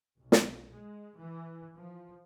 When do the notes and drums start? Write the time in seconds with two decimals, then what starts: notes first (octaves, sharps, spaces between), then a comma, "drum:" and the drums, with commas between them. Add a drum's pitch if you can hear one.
0.19 B1
0.32 drum: snare
0.71 G#3
1.18 E3
1.75 F3